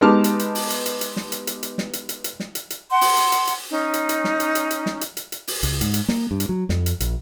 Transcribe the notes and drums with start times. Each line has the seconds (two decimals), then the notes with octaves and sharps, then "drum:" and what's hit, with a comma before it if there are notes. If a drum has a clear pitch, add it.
0.01 G#3 B3 D#4 G4 A5 F6
0.24 drum: hi-hat
0.39 drum: hi-hat
0.55 drum: open hi-hat
0.70 drum: hi-hat
0.86 drum: hi-hat
1.01 drum: hi-hat
1.16 drum: snare
1.32 drum: hi-hat
1.47 drum: hi-hat
1.63 drum: hi-hat
1.78 drum: snare
1.93 drum: hi-hat
2.09 drum: hi-hat
2.24 drum: hi-hat
2.40 drum: snare
2.55 drum: hi-hat
2.70 drum: hi-hat
2.91 F#5 C6
3.01 drum: open hi-hat
3.17 drum: hi-hat
3.32 drum: hi-hat
3.47 drum: hi-hat
3.70 C#4 D#4
3.94 drum: hi-hat
4.09 drum: hi-hat
4.24 drum: snare
4.40 drum: hi-hat
4.55 drum: hi-hat
4.71 drum: hi-hat
4.86 drum: snare
5.01 drum: hi-hat
5.17 drum: hi-hat
5.32 drum: hi-hat
5.47 drum: open hi-hat
5.63 C#2, drum: hi-hat
5.81 G#2, drum: hi-hat
5.94 drum: hi-hat
6.09 A#3, drum: snare
6.31 G2
6.40 drum: hi-hat
6.49 F#3
6.69 F2, drum: snare
6.86 drum: hi-hat
7.00 A#1, drum: hi-hat